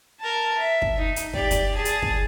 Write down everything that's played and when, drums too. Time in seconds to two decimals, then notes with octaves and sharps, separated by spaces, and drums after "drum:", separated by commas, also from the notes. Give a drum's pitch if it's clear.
0.19 A#4 A5
0.58 E5
0.82 drum: kick
0.98 D#4
1.16 drum: hi-hat
1.33 G4 D5, drum: kick
1.51 drum: kick, hi-hat
1.75 G#4 A5
1.85 drum: hi-hat
2.02 drum: kick